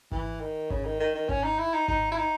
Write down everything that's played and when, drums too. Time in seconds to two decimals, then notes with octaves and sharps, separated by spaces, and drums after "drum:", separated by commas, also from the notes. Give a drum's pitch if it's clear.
0.12 E3, drum: kick G#1
0.41 D#3
0.70 C#3, drum: kick G#1
0.85 D#3
1.00 D#3
1.14 D#3
1.29 C#4, drum: kick G#1
1.44 D#4
1.59 E4
1.73 D#4
1.88 D#4, drum: kick G#1
2.12 E4
2.18 D#4